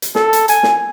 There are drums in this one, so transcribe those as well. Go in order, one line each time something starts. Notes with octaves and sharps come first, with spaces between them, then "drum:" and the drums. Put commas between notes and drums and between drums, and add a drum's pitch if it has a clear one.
drum: hi-hat
A4, drum: snare
drum: hi-hat
G#5, drum: hi-hat
drum: snare